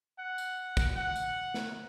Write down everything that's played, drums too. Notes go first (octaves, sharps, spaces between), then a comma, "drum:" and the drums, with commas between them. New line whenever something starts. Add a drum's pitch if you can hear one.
F#5
drum: tambourine
drum: kick, tambourine
F#5
drum: tambourine
drum: snare